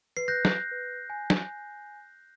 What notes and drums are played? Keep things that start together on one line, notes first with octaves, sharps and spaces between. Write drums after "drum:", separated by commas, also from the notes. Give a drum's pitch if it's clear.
B4 C7
F#6 G6 A#6
drum: snare
B4
G#5
drum: snare